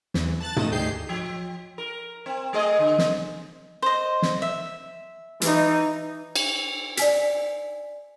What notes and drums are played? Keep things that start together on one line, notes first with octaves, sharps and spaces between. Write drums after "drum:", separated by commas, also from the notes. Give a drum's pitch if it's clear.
E2 E3, drum: snare
A5 F#6 A6
C#2 D#3 A3 D#5 D#6 E7, drum: tom
D2 D#4 G4 G#4 G6 C7
F3
A#4
C4
A3 G#4 D#5
D3
drum: snare
C5 D#5
drum: snare
E5
E3 D#4, drum: hi-hat
drum: cymbal
D5 G#5 B6, drum: hi-hat